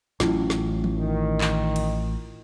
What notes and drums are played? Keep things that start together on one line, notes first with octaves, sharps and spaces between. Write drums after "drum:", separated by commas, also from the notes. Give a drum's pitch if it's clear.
A1 F#3 C#4 E4 F4, drum: snare
drum: snare
drum: tom
D#3
drum: clap
drum: cymbal